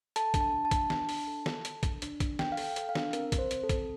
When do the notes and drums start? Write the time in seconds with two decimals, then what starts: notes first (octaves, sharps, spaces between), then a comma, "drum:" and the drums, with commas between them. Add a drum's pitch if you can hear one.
0.16 A4 A5, drum: hi-hat
0.34 D4, drum: kick A#1, hi-hat
0.41 A5
0.53 D4
0.65 A5
0.71 D4, drum: kick A#1, hi-hat
0.90 D4, drum: snare
1.09 D4, drum: open hi-hat
1.27 A4
1.46 A4, drum: snare
1.65 A4, drum: hi-hat
1.83 D4, drum: kick A#1, hi-hat
2.02 D4, drum: hi-hat
2.20 D4, drum: kick A#1, hi-hat
2.39 A4 G5, drum: snare
2.52 F5
2.57 A4, drum: open hi-hat
2.64 G5
2.76 A4, drum: hi-hat
2.89 F5
2.95 D4, drum: snare
3.13 C4 A#4, drum: hi-hat
3.32 C4, drum: kick A#1, hi-hat
3.39 C5
3.51 C4, drum: hi-hat
3.64 A4
3.69 C4, drum: kick A#1, hi-hat